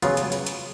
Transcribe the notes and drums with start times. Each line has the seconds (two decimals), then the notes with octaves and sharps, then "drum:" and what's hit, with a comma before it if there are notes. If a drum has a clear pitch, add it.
0.02 C#3 F#3 B3 F4, drum: hi-hat
0.17 drum: hi-hat
0.32 drum: hi-hat
0.46 drum: hi-hat